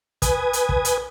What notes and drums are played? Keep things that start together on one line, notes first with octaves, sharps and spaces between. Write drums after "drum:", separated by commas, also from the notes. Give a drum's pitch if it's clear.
B4 G#5 D#6, drum: kick, hi-hat
drum: hi-hat
drum: kick
drum: hi-hat